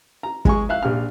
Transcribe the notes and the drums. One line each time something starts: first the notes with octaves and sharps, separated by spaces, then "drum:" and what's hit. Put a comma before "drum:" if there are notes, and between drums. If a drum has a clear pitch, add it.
A#5
G#3 G#5 C#6, drum: kick
E5 F5 F#6
A#1 G4 F6